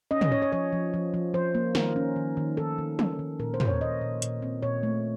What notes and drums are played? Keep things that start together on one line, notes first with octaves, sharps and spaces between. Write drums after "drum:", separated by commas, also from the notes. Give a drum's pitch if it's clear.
C#4 D#5
D#5, drum: tom
C#4 C#5
C#5
F3 C#5
F3
F3
F3
F3 C5
A#3
D#3 A#4, drum: snare
C#4
D#3
D#3
D#3 A4
D#3
C#4, drum: tom
D#3
A#2 A#4
C5
A#2, drum: tom
C#5
A#2 D#5
A#2
A#2, drum: hi-hat
C4
A#2 C#5
A3